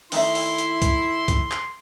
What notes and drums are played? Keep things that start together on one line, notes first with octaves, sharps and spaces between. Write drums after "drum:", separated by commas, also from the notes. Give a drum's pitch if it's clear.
D#3 A3 E4 E5 C6, drum: open hi-hat
drum: open hi-hat
drum: hi-hat
drum: kick C#2, hi-hat
drum: kick C#2, hi-hat
drum: clap